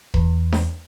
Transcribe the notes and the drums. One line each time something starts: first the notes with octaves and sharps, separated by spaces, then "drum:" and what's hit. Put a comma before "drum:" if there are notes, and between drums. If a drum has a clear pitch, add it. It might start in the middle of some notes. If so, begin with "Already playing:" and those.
E2, drum: kick E1
drum: snare D4